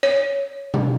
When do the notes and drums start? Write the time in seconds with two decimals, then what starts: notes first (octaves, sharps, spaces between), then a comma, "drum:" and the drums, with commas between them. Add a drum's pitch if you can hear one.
0.03 C#5
0.74 drum: tom B2